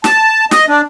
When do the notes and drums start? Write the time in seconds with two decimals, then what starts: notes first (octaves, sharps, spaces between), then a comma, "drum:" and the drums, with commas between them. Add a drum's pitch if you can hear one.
0.04 A5, drum: snare
0.51 D#5, drum: snare
0.68 D4